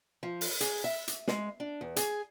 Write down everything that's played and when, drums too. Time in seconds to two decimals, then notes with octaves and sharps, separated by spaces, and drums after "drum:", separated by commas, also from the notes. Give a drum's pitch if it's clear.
0.23 F3
0.41 drum: open hi-hat
0.61 G#4, drum: hi-hat
0.84 E5
1.08 drum: hi-hat
1.28 G#3, drum: snare
1.60 D4
1.81 E2
1.96 G#4, drum: hi-hat